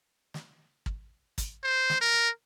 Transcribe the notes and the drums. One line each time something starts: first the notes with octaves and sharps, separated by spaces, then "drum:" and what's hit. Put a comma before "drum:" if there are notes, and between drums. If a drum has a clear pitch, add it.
drum: snare
drum: kick
drum: kick, hi-hat
C5
drum: snare
A#4